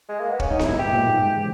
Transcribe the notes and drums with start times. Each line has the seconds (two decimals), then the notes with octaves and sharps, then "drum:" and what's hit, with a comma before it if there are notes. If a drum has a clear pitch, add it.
0.09 G#3
0.19 A#3
0.30 B3
0.40 C#4, drum: kick
0.50 G#2 D#4
0.59 G2, drum: snare B3
0.64 G#2 E4
0.79 A#2 G4
0.93 A#2
1.08 G#2
1.37 C#3 E3